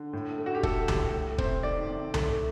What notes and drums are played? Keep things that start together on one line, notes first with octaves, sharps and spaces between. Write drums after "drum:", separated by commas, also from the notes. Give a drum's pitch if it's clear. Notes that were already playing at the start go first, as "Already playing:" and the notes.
Already playing: D3
A2
A3
F#4
G4
A3 A4, drum: kick
A2 G4, drum: tom C2
A3
C3 C5, drum: kick
D#3 D5
C3
A3, drum: tom C2